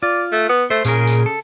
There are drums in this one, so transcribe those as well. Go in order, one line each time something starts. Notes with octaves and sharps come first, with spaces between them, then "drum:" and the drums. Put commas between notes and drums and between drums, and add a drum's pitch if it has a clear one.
F4 D5
A3
B3
A3 C5
A#2 C#3 G#4 A#4, drum: tambourine
drum: tambourine
A4